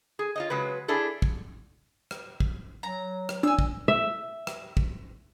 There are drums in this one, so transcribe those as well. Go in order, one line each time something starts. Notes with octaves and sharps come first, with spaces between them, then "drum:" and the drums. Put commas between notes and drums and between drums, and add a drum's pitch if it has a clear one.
G#4
F4 C#5 D#5
C#3 F#3 G#3 B4
D4 E4 G#4 A4
drum: kick
drum: rim click
drum: kick
F#3 A#5
drum: rim click
D4 G#5 E6
drum: kick
E5
drum: rim click
drum: kick